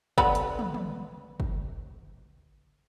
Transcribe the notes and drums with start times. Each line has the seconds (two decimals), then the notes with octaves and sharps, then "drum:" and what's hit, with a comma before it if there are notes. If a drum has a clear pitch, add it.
0.18 D3 B3 B5, drum: kick
0.35 drum: hi-hat
0.59 drum: tom
0.74 drum: tom
1.40 drum: kick